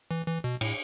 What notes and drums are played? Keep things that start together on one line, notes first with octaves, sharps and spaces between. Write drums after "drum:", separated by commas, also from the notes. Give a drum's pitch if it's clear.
E3
E3
B2
A2, drum: cymbal